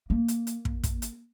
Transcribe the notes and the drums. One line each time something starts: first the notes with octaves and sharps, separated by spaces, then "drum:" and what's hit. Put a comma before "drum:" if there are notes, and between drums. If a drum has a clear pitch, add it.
A#3
drum: hi-hat
drum: hi-hat
drum: kick
drum: kick, hi-hat
drum: hi-hat